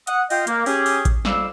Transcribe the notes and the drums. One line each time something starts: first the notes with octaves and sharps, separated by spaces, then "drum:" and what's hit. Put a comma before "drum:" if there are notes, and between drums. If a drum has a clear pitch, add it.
F#5 D#6, drum: hi-hat
F4 D#5 F5 G5, drum: open hi-hat
A#3, drum: hi-hat
C#4 G4 G#4, drum: open hi-hat
drum: open hi-hat
drum: kick A1, hi-hat
F2 G3 F5 D6 E6, drum: snare